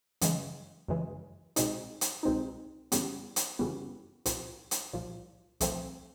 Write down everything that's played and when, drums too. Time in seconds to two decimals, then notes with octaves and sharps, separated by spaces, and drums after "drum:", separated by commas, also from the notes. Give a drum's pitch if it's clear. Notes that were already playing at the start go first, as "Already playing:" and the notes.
0.21 F#2 C#3 E3 G#3, drum: hi-hat
0.88 F#2 C#3 E3 G#3
1.56 C2 B2 G#3 C4 D#4, drum: hi-hat
2.01 drum: hi-hat
2.23 C2 B2 G#3 C4 D#4
2.92 F#2 C#3 E3 G3 B3, drum: hi-hat
3.36 drum: hi-hat
3.59 F#2 C#3 E3 G3 B3
4.26 C2 A#2 F3, drum: hi-hat
4.71 drum: hi-hat
4.93 C2 A#2 F3
5.60 C2 A#2 F3 A3 C4, drum: hi-hat